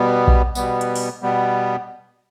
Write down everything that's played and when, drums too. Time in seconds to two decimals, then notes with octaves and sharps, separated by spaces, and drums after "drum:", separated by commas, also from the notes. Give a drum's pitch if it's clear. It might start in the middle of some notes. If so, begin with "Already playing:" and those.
Already playing: B2 G3 B3
0.28 drum: kick A#1
0.55 B2 G3 B3, drum: tambourine
0.81 drum: hi-hat
0.95 drum: open hi-hat
1.22 B2 G3 B3